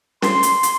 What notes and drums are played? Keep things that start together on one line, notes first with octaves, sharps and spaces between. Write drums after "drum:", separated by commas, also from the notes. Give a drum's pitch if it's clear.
C6, drum: snare
drum: hi-hat
drum: hi-hat